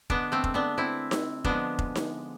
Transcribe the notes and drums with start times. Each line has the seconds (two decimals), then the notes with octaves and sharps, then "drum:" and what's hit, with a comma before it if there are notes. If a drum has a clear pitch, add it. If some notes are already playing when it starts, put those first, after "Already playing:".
0.10 D3 G#3 B3 D4, drum: kick F1
0.32 A3 C4
0.44 drum: kick F1
0.54 B3 D4
0.78 C4 E4
1.11 drum: snare D#4
1.44 D3 F3 G#3 B3 D4, drum: kick F1
1.79 drum: kick F1
1.95 drum: snare D#4